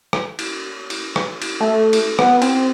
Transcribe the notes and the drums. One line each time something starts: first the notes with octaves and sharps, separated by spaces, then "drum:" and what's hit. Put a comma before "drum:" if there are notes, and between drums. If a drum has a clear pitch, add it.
drum: rim click
drum: cymbal
drum: cymbal
drum: rim click
drum: cymbal
A3
drum: cymbal
B3, drum: rim click
C4, drum: cymbal